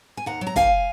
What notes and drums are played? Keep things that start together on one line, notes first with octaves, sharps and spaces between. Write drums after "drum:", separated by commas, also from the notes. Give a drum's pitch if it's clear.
G#5
D#2 F#5 A#5
F#3
A#5
D#2 F5 G#5, drum: kick, hi-hat